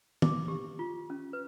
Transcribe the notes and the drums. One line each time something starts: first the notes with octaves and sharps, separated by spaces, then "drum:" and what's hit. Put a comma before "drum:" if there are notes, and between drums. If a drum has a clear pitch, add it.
D6, drum: tom
G4
F4
C#4
B4